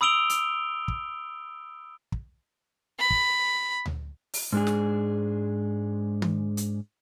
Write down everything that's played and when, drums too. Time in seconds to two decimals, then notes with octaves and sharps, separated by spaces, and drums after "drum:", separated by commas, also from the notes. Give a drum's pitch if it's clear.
0.01 B5 D#6 E6 D7 F7 G7
0.30 drum: hi-hat
0.88 drum: kick
2.12 drum: kick
2.99 B5
3.11 drum: kick
3.86 drum: tom D2
4.34 drum: open hi-hat
4.53 G#2 G#3 D4 G#4
4.67 drum: snare
6.22 drum: tom D#3
6.57 drum: hi-hat